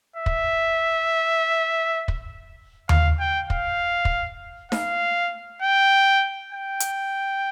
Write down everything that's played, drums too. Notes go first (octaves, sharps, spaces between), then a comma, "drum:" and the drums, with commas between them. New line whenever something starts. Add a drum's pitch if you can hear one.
E5
drum: kick
drum: kick
F5, drum: tom D#2
G5
F5, drum: kick
drum: kick
F5, drum: snare D#4
G5
G5
drum: hi-hat